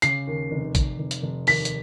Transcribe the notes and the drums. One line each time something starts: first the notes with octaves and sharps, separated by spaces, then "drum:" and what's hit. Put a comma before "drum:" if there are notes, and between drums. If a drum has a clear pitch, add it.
C#3 C7, drum: hi-hat
D#2
F1
F1, drum: kick, hi-hat
F1
drum: hi-hat
F1
D#2 B6, drum: open hi-hat
drum: hi-hat